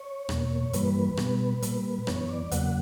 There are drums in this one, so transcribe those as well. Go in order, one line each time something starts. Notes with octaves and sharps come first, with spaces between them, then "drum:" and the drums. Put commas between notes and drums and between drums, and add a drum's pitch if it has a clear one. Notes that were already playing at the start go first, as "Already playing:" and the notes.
Already playing: C#5
E2 B2 A#3, drum: rim click
G2 E3 G3 A#3 B4, drum: hi-hat
B2 G3 B3, drum: rim click
A#2 G3 A#3, drum: hi-hat
F#2 E3 B3 C#5, drum: rim click
D5
E2 C#3 F#3 A#3 F#5, drum: hi-hat